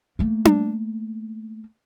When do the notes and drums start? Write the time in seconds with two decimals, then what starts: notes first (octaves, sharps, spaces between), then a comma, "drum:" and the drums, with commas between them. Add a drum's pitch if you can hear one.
0.19 A3 A#3
0.45 drum: tom D4